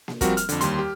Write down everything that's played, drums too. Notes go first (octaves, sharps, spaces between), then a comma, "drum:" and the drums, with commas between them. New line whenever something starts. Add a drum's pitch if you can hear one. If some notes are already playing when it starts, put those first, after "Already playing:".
drum: snare A#3
F3 G3 C4 F#4 A#4, drum: kick, hi-hat
F6, drum: hi-hat
F2 D3, drum: hi-hat
D#2 G3 C6, drum: hi-hat
G4